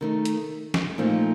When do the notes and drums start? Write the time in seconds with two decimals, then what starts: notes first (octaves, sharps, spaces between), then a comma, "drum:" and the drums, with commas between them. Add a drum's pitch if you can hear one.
0.01 D#3 A3 D#4
0.25 drum: hi-hat
0.74 drum: snare
0.98 A#2 F3 A3 D#4